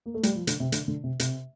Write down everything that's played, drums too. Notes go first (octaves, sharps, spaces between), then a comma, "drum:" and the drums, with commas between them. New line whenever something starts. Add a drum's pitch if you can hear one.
A#3
A3
G3, drum: hi-hat
F3
D3, drum: hi-hat
C3
D3, drum: hi-hat
D3
C3
C3, drum: hi-hat